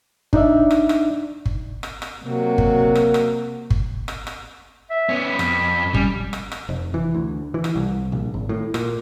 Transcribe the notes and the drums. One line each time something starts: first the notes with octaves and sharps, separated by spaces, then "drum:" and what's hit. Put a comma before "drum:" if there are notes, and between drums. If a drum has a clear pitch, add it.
D4 D#4 D5 E5, drum: kick G1
drum: rim click
drum: rim click
drum: kick G1
drum: rim click
drum: rim click
C3 F#3 A#3 F#4
drum: kick G1
drum: rim click
drum: rim click
drum: kick G1
drum: rim click
drum: rim click
E5
B3 C#4
B5
F2, drum: rim click
G3 C#4, drum: kick G1
drum: rim click
drum: rim click
F1
E3
D2
E3
drum: rim click
C2
A#1
G#1
A2
A#2, drum: rim click